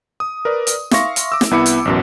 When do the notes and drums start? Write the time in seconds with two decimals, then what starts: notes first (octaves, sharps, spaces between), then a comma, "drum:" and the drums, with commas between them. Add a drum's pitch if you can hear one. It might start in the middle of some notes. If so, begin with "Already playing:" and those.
0.20 D#6
0.45 A#4 B4 D5
0.67 drum: hi-hat
0.91 E5 F5 C6 C#6 A#6, drum: snare
1.16 drum: hi-hat
1.32 D6 E6
1.41 drum: snare
1.51 C2 B3 E4 B5 D6 C#7
1.66 drum: hi-hat
1.85 A1 F#2 B2